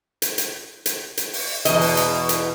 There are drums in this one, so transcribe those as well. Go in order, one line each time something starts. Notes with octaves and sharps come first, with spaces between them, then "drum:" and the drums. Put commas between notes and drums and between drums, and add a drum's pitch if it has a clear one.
drum: hi-hat
drum: hi-hat
drum: hi-hat
drum: hi-hat
drum: open hi-hat
E2 B2 D#5, drum: hi-hat
drum: open hi-hat
drum: hi-hat
drum: hi-hat